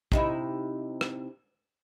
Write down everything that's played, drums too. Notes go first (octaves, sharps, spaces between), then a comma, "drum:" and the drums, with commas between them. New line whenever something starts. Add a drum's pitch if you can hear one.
C3 D#4 E4, drum: kick
drum: rim click